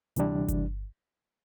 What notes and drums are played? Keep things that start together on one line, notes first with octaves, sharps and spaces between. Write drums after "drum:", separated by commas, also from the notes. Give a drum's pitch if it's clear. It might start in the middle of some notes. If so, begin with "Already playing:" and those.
D2 C3 E3 G3 D4, drum: hi-hat
drum: kick G1, hi-hat